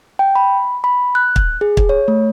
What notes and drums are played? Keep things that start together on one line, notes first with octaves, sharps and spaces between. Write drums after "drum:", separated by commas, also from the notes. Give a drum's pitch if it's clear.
G5
B5
B5
F#6
drum: kick
G#4
drum: kick
C#5
A3